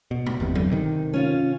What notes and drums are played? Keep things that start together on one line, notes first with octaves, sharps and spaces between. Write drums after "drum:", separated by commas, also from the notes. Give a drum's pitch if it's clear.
B2
drum: tom B2
G1 E2 C3
drum: tom F#3
C3 D#3
C#4 F4 F5